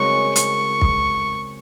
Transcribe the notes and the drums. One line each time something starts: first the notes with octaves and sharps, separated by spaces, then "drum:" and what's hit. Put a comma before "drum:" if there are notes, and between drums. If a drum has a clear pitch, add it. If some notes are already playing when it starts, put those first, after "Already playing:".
Already playing: C#3 G#3 C4 F#4 A#4 C#6
C#6, drum: hi-hat
drum: kick